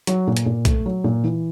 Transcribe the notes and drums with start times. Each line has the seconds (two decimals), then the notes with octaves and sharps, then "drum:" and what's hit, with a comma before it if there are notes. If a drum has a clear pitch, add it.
0.07 F#3, drum: hi-hat
0.27 A#2
0.37 drum: hi-hat
0.46 A#2
0.65 A3, drum: kick, hi-hat
0.86 F#3
1.04 A#2
1.24 E3